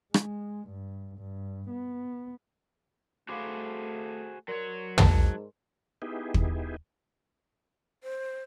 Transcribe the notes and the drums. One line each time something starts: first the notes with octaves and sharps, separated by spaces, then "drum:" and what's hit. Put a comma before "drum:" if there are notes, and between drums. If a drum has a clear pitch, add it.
G#3, drum: rim click
G2
G2
B3
A3 F#4 G#4 C5 F5 B5 D6
F#3 A#4 C#5 D5 C6
G#2 A5, drum: tom
B3 D#4 E4 G4 G#4
drum: kick
C5